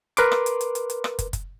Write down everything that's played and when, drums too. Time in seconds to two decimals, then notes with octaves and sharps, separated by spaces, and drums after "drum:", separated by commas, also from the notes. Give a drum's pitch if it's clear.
0.17 A#4 B4 C6 D6, drum: hi-hat
0.32 drum: rim click
0.46 drum: hi-hat
0.61 drum: hi-hat
0.75 drum: hi-hat
0.90 drum: hi-hat
1.04 drum: rim click
1.19 drum: kick, hi-hat
1.33 drum: kick, hi-hat